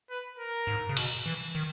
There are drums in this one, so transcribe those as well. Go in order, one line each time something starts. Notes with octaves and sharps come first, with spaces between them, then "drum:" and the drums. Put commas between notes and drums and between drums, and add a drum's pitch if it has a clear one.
B4
A#4
G#2
C#3
B2, drum: cymbal
E3
D#3